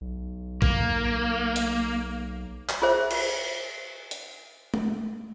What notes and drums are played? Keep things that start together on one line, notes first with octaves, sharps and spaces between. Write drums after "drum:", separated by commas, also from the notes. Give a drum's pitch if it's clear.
B1
A#3, drum: kick
drum: hi-hat
drum: clap
F4 G#4 C5 E5
drum: cymbal
drum: hi-hat
drum: tom G#3